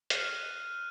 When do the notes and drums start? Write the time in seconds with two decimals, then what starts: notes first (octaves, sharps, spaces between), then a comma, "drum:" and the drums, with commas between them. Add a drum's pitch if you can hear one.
0.10 F6 F#6 D#7, drum: hi-hat